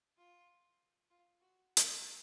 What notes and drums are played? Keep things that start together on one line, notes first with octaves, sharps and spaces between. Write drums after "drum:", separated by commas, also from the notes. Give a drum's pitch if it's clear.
F4
F4
F#4
drum: hi-hat